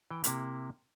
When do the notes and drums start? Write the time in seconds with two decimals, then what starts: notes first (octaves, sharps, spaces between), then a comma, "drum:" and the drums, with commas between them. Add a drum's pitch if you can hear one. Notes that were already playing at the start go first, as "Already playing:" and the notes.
0.11 E3 G5
0.24 C3 A#3 E4, drum: hi-hat